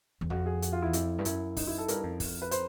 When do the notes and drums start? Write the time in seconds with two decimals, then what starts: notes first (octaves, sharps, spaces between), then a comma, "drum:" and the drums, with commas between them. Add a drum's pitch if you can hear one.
0.21 E2
0.30 F2 F#4, drum: kick
0.46 G#4
0.62 F#4, drum: hi-hat
0.73 F4
0.82 E4
0.85 E2
0.93 F2 E4, drum: hi-hat
1.18 G2
1.25 F#2 E4, drum: hi-hat
1.57 D#4, drum: kick, open hi-hat
1.67 E4
1.78 A4
1.88 G2 A#4, drum: hi-hat
2.03 F2
2.20 drum: kick, open hi-hat
2.42 B4
2.51 C5, drum: hi-hat